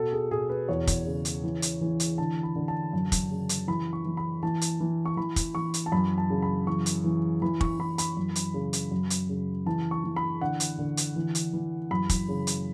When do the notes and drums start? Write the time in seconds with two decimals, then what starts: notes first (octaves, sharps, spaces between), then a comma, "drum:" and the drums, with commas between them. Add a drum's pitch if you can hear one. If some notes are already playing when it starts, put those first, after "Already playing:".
Already playing: B2 A4
0.13 G#4
0.31 B2 G#4
0.49 B4
0.69 E2 C#5
0.87 drum: kick, hi-hat
1.07 C#3
1.25 drum: hi-hat
1.44 E3
1.62 drum: hi-hat
1.81 E3
2.00 drum: hi-hat
2.18 D3 A5
2.43 B5
2.56 D3
2.68 A5
2.93 F#2
3.12 drum: kick, hi-hat
3.31 C#3
3.49 drum: hi-hat
3.67 E3 B5
3.93 C#6
4.05 E3
4.17 B5
4.43 E3 A5
4.61 drum: hi-hat
4.80 E3
5.05 C#6
5.17 E3 B5
5.36 drum: kick, hi-hat
5.55 E3 C#6
5.74 drum: hi-hat
5.86 A5
5.92 F#2 B5
6.18 A5
6.30 C#3
6.42 B5
6.67 E3 C#6
6.86 drum: hi-hat
7.04 E3
7.42 E3 B5
7.61 C#6, drum: kick
7.79 E3 B5
7.98 B5, drum: hi-hat
8.17 F#2
8.35 drum: hi-hat
8.54 C#3
8.73 drum: hi-hat
8.91 F#2
9.10 drum: hi-hat
9.29 C#3
9.66 E3 A5
9.91 C#6
10.04 E3
10.16 B5
10.41 D3 F#5
10.60 drum: hi-hat
10.79 D3
10.97 drum: hi-hat
11.16 E3
11.35 drum: hi-hat
11.53 E3
11.91 F#2 B5
12.09 drum: kick, hi-hat
12.28 C#3
12.47 drum: hi-hat